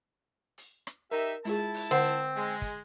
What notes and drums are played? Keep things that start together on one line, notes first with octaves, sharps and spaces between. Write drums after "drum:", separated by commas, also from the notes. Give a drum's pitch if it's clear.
drum: hi-hat
drum: rim click
D#4 G4 A#4 E5
G#3 E4 F4 G#4 A5, drum: hi-hat
drum: open hi-hat
D3 C4 F#5
drum: hi-hat
G#3
drum: kick, hi-hat